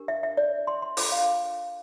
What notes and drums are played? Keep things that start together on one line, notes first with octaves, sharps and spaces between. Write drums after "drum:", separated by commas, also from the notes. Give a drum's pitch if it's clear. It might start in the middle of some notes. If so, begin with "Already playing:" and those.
Already playing: D4 G4 A#4
E5
E5
D5
C6
C6
D4 F4 A4 C5 D6, drum: open hi-hat
F5